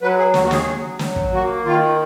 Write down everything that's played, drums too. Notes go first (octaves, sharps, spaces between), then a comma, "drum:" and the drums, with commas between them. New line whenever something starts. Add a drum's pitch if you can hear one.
F#3 B4
G#4
D#2 F#4, drum: snare
F#4
G#4, drum: snare
F#3
F#3, drum: snare
drum: kick
A#3 F#4
D#3 F4